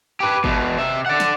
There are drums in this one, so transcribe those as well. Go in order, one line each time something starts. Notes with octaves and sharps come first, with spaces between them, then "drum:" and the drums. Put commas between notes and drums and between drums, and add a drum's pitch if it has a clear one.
G4 B4
E2 B2, drum: kick G1
C3 E5
D5 F#5
drum: snare